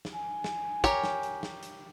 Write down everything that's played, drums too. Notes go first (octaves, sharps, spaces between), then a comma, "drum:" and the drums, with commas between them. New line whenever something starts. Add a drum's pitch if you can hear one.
drum: snare
G#5
drum: snare
G4 A#4 C#5, drum: kick, hi-hat
drum: snare
drum: hi-hat
drum: snare
drum: hi-hat